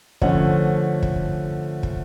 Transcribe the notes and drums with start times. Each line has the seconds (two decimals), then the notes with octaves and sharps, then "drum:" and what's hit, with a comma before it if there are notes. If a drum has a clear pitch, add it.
0.22 D3 F3 A3 C#4 F#5, drum: kick
1.03 drum: kick
1.83 drum: kick